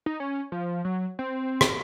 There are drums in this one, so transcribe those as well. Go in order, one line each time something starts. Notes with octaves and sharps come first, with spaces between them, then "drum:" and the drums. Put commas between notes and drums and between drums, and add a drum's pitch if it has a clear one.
D#4
C#4
F3
F#3
C4
drum: rim click